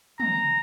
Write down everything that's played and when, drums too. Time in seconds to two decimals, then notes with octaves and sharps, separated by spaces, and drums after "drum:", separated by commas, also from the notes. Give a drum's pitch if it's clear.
0.20 A#5, drum: tom